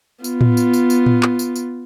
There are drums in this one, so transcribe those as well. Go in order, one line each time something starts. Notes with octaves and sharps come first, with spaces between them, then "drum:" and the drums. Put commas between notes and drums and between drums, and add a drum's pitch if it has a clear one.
B3 F4, drum: tambourine
drum: tom A2
drum: tambourine
drum: tambourine
drum: tambourine
drum: tom A2
drum: clap
drum: tambourine
drum: tambourine